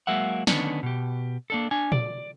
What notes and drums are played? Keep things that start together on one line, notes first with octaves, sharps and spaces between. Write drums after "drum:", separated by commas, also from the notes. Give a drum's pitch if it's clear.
F#3 G#3 A#3 E5 F#5
D3 D#3 B3 C#4 D4, drum: snare
B2 G4
A#3 D4 A4
D4 G#5
D5, drum: tom A#2